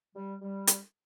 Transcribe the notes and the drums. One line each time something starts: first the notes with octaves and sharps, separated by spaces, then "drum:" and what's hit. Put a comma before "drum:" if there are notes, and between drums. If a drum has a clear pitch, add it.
G3
G3
drum: hi-hat